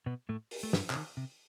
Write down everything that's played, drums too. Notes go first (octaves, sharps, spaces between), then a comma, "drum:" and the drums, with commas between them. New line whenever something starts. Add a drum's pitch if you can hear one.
B2 B3
A2 A3
drum: open hi-hat
A3
G2 G3, drum: snare
C3, drum: clap
D#3
C3